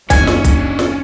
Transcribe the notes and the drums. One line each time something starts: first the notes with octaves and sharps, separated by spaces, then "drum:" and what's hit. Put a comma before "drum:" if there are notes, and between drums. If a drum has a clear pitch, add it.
F#1 D#2 C#4 D4 G#5, drum: kick, hi-hat
drum: snare
drum: kick, hi-hat
drum: snare